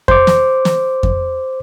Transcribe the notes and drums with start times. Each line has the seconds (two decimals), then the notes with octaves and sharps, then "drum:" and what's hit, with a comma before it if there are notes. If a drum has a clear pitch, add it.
0.08 C5 D6, drum: kick F2
0.27 drum: snare
0.65 drum: snare
1.03 drum: kick F2